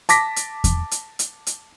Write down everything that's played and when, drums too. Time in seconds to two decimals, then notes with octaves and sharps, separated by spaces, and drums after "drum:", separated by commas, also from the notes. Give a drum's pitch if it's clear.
0.09 A5 D6 A#6 B6, drum: hi-hat
0.36 drum: hi-hat
0.64 drum: kick E2, hi-hat
0.91 drum: hi-hat
1.19 drum: hi-hat
1.47 drum: hi-hat